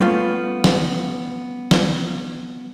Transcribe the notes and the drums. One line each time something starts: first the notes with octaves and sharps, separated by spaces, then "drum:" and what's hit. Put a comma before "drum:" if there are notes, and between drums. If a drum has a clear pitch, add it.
G3 A3 B3 C#4 F4
drum: snare
drum: snare